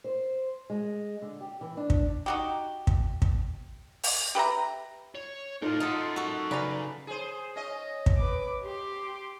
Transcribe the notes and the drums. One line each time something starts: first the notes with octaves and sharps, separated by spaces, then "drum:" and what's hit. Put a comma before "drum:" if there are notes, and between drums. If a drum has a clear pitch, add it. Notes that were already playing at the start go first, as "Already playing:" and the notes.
C5
G#3
D3
G4
E3
D4
drum: kick
D#4 F#4 G4
drum: kick
drum: kick
drum: open hi-hat
G4 B4 E5 A#5
C#5
A2 D#4 F4 A4 A#4
D#4 A4 A#4 D#5 F#5
F#4 A4
F#2 C#3 B4 D5 F5 G#5 A#5
G#4 C5
C#4 D#5
drum: kick
B4 D6
G4 C6 D6